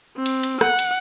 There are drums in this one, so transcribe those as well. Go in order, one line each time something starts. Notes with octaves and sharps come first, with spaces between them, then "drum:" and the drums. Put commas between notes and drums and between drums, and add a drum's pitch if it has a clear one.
C4
drum: cymbal
drum: cymbal
F#5, drum: rim click
drum: cymbal